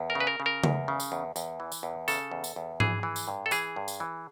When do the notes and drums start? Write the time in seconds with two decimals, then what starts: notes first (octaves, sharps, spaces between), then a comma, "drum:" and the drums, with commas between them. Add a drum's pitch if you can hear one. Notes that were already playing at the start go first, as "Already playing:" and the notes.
Already playing: E2
0.10 A#4
0.15 C#3
0.20 B4
0.27 A#4
0.40 C#3
0.46 A#4
0.64 E2, drum: tom C#3
0.88 C#3
1.00 drum: tambourine
1.12 E2
1.36 E2, drum: tambourine
1.60 E3
1.72 drum: tambourine
1.83 E2
2.08 C#3 A4, drum: tambourine
2.31 E2
2.44 drum: tambourine
2.56 E2
2.80 E3 G#4, drum: tom G#2
3.03 E3
3.16 drum: tambourine
3.28 G2
3.46 A4
3.51 E3 G#4, drum: tambourine
3.76 G2
3.88 drum: tambourine
4.00 E3